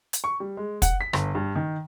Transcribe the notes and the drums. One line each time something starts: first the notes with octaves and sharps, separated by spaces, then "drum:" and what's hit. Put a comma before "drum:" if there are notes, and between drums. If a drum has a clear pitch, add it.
drum: hi-hat
C#6
G3
G#3
F#5, drum: kick, hi-hat
B6
G1, drum: rim click
G2
D#3